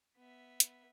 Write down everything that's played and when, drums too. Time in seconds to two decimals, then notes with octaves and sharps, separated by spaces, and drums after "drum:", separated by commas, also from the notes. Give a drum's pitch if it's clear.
0.17 B3 E5
0.60 drum: hi-hat